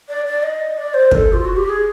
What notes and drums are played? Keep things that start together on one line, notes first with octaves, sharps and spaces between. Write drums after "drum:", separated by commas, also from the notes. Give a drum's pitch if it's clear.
D5
D5
D#5
D5
C5
A#4, drum: kick
A4
F4
F#4
G4
G#4